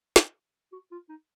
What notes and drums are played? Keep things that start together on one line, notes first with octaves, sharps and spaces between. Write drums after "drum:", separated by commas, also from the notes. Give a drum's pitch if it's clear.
drum: snare
F#4
F4
D#4